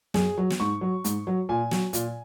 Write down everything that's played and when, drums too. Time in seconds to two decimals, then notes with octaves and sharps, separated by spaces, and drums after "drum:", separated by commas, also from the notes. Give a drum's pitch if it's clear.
0.14 F#2 G#4, drum: snare
0.38 F#3
0.50 drum: snare
0.60 G#2 C#6
0.81 F#3
1.04 G#2, drum: hi-hat
1.27 F#3
1.49 A#2 G#5
1.71 F#3, drum: snare
1.93 A#2, drum: hi-hat